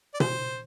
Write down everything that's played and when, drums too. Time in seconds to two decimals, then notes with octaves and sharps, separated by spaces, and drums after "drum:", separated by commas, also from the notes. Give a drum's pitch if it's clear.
0.14 D5
0.20 C5, drum: tom B2